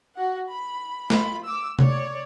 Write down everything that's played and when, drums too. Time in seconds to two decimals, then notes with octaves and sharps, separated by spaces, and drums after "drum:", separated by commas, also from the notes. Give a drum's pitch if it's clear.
0.16 F#4 F#5
0.48 B5
1.10 F4 B5, drum: snare
1.45 D6 E6
1.79 C#5 D5, drum: tom C3